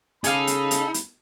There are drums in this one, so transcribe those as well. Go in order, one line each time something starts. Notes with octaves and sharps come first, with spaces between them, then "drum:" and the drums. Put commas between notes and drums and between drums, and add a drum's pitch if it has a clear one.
C#3 D#4 G#4 A4 F5 B5, drum: hi-hat
drum: hi-hat
drum: hi-hat
drum: hi-hat